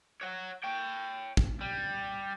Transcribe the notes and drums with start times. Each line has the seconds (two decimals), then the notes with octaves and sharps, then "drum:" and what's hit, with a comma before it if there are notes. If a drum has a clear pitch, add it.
0.21 C#5 F#5
0.63 C#5 G5
1.37 drum: kick
1.61 G3